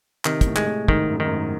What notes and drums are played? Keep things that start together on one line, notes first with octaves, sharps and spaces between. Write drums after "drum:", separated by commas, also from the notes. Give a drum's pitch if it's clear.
C3 D#3, drum: clap
C3, drum: kick, hi-hat
A2
G#3, drum: clap
A2
G#2 D#3, drum: kick
F#2
D#3
F#2
G#2